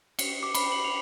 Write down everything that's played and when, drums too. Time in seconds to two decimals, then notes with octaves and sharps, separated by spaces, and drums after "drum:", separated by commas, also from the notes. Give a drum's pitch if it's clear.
0.19 C#7, drum: cymbal
0.43 D6
0.54 B5, drum: cymbal
0.72 F#7
0.84 F7